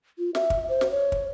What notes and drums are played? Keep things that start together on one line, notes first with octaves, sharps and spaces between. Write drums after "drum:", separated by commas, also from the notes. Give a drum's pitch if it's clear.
F4
E5, drum: snare
drum: kick
C5
drum: snare
C#5
drum: kick